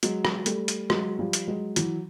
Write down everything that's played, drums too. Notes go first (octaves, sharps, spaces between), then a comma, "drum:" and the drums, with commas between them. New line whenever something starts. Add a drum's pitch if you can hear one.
F#3 G#3, drum: hi-hat
drum: rim click
G3 A3, drum: hi-hat
drum: hi-hat
F#3 G#3, drum: rim click
F3 G3
drum: hi-hat
F#3 G#3
E3 F#3, drum: hi-hat